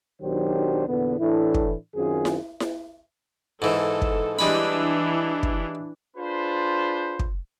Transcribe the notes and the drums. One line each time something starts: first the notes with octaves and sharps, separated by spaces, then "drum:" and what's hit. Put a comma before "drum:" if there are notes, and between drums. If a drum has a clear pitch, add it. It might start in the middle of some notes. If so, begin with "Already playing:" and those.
B1 D#3 F#3 D4 G4 C5
E2 A#2 D3 B3
A2 E3 A3 D4 E4
drum: kick
F#2 D#3 C4 F4 G#4
drum: snare E4
drum: snare E4
G#2 E3 A4
drum: kick
E3 G3 G#3 D4 E4 B5
drum: kick
D4 F4 G#4 B4 C5
drum: kick